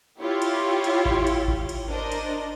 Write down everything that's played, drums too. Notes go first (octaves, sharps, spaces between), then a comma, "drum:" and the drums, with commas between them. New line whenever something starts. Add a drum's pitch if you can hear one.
E4 F4 G4 C#5
drum: cymbal
drum: cymbal
drum: kick G#1
drum: cymbal
drum: kick G#1
drum: cymbal
D4 A#4 C5 D#5
drum: cymbal